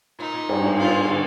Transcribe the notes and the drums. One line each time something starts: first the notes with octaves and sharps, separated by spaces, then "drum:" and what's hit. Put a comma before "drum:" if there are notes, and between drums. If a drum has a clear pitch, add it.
A#2 D#4
A#2
G2, drum: cymbal
G#2
A#2 F4
D3